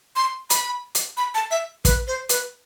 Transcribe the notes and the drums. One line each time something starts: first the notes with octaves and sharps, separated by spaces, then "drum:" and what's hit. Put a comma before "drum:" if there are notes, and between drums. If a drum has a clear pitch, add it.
C6
B5, drum: hi-hat
drum: hi-hat
B5
A5
E5
B4, drum: kick, hi-hat
C5
B4, drum: hi-hat